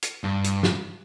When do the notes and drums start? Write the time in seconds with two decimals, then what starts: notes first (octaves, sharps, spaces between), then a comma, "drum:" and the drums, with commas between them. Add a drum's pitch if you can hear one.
0.02 drum: hi-hat
0.24 G2
0.44 drum: hi-hat
0.63 drum: snare